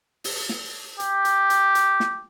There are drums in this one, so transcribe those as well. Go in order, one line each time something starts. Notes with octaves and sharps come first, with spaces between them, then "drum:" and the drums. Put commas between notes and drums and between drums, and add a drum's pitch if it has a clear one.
drum: open hi-hat
drum: snare
G4, drum: hi-hat
drum: hi-hat
drum: hi-hat
drum: hi-hat
drum: snare